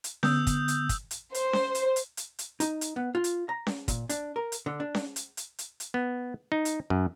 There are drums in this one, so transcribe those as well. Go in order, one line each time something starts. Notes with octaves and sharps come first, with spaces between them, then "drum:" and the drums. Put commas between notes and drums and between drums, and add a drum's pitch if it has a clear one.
drum: hi-hat
D3 B3 D#6 E6 G6, drum: snare C#4
drum: kick, hi-hat
drum: hi-hat
drum: kick, hi-hat
drum: hi-hat
C5, drum: hi-hat
drum: snare C#4
drum: hi-hat
drum: hi-hat
drum: hi-hat
drum: hi-hat
D#4, drum: hi-hat
drum: hi-hat
B3
F4
drum: hi-hat
A#5
drum: snare C#4
A#2, drum: kick, hi-hat
D4, drum: hi-hat
A#4
drum: hi-hat
D3
D4
drum: snare C#4
drum: hi-hat
drum: hi-hat
drum: hi-hat
drum: hi-hat
B3
D#4
drum: hi-hat
F#2